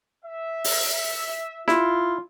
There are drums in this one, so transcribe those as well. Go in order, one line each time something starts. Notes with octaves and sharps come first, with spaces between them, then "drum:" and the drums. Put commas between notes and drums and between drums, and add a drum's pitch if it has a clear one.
E5
drum: open hi-hat
E4 F4, drum: snare